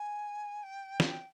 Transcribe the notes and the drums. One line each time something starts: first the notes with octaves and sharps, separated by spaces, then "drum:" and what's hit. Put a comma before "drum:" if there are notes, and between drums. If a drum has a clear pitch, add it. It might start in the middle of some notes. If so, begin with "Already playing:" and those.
Already playing: G#5
G5
drum: snare